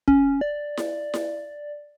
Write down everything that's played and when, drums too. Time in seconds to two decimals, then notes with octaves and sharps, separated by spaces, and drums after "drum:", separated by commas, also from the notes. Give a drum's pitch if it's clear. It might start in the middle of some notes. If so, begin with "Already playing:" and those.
0.08 C#4, drum: kick
0.41 D5
0.77 drum: snare E4
1.14 drum: snare E4